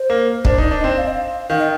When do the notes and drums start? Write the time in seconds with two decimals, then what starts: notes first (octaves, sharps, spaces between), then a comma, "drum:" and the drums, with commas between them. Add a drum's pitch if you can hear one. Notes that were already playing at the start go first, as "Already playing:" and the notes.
Already playing: C5
0.10 A#3
0.45 D4 C5, drum: kick
0.58 D#4 D5
0.71 D4
0.79 C4 D#5
0.97 F5
1.06 D#5
1.13 F5
1.50 D#3 F5
1.59 D#5